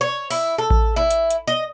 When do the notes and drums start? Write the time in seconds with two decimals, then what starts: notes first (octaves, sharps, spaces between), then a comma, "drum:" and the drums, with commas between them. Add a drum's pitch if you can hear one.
0.01 C#5
0.30 E4, drum: open hi-hat
0.58 A4
0.70 drum: kick A1
0.96 E4
1.10 drum: hi-hat
1.30 drum: hi-hat
1.48 D#5